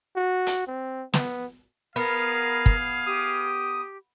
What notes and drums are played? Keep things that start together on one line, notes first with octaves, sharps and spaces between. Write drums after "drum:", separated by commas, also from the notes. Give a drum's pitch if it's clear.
F#4
drum: hi-hat
C4
B3, drum: snare
B3 G#4 A#4 F5
drum: kick
G4 D#6